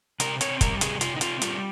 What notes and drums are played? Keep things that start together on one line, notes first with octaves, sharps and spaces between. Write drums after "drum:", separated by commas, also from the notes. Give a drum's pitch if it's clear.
C3 A#4, drum: hi-hat
C4 C#5, drum: hi-hat
G3 A#4, drum: kick, hi-hat
C3 G#4, drum: hi-hat
C3 F4, drum: hi-hat
D#4
C4 F4, drum: hi-hat
G3 F4, drum: hi-hat